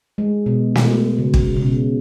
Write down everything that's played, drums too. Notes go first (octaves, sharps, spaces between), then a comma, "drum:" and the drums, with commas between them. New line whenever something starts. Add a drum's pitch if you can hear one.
G#3
B2
B2, drum: snare
C#3
drum: kick
C#3
B2